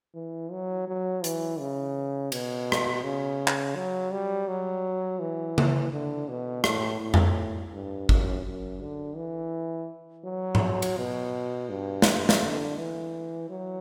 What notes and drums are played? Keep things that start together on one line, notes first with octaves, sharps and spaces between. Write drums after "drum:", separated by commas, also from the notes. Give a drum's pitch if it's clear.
E3
F#3
F#3
E3, drum: hi-hat
C#3
B2, drum: cymbal
drum: rim click
C#3
drum: clap
F#3
G3
F#3
E3
drum: tom C#3
D3
B2
A2, drum: rim click
A2
drum: tom F2
G2
F#2, drum: kick
F#2
D3
E3
F#3
drum: tom G#2
drum: cymbal
B2
G2
drum: snare
drum: snare
D3
E3
F#3